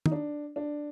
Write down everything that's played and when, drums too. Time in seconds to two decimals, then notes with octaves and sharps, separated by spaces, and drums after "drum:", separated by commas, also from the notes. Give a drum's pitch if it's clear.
0.06 D#4, drum: tom
0.12 D4
0.56 D4